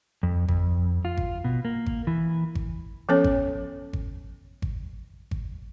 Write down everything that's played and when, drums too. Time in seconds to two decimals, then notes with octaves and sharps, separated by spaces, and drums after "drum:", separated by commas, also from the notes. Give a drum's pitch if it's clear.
0.23 F2
0.48 F2, drum: kick G#1
1.05 F4
1.17 drum: kick G#1
1.44 B2
1.65 A#3
1.86 drum: kick G#1
2.07 E3
2.55 drum: kick G#1
3.09 F3 B3 C#4 A4 C#5
3.24 drum: kick G#1
3.93 drum: kick G#1
4.62 drum: kick G#1
5.31 drum: kick G#1